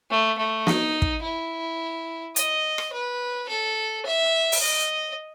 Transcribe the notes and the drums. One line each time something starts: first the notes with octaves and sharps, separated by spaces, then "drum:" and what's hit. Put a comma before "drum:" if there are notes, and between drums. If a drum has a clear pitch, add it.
A3
A3
D#4, drum: snare
drum: kick
E4
D#5, drum: hi-hat
drum: rim click
B4
A4
E5
drum: open hi-hat
D#5